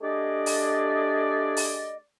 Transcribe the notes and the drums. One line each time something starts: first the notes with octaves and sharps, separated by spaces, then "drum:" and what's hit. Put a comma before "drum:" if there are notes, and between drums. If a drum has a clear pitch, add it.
A3 D4 G4 G#4 D5 D#5
drum: open hi-hat
drum: open hi-hat